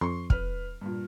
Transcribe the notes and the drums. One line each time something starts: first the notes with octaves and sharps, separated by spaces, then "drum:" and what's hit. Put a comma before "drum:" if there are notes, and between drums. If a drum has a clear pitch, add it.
F2 C6 C#6
B4 F6, drum: kick
G2 A#2